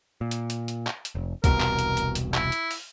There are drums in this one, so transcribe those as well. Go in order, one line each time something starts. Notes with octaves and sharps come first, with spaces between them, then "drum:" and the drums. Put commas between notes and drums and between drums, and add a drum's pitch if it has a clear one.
A#2
drum: hi-hat
drum: hi-hat
drum: hi-hat
drum: clap
drum: hi-hat
F1
E1 C2 B2 A#4, drum: kick C2, hi-hat
drum: clap
drum: hi-hat
drum: hi-hat
drum: hi-hat
E4, drum: clap
drum: hi-hat
drum: open hi-hat